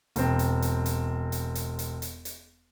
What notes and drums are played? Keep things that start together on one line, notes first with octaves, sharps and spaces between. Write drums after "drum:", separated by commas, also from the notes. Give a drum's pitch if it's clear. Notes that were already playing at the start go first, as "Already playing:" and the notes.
E1 C4, drum: hi-hat
drum: hi-hat
drum: hi-hat
drum: hi-hat
drum: hi-hat
drum: hi-hat
drum: hi-hat
drum: hi-hat
drum: hi-hat